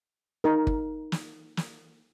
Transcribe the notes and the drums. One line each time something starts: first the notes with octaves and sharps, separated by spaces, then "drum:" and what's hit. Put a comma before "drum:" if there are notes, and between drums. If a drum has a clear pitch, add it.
D#4 A#4
drum: kick
drum: snare
drum: snare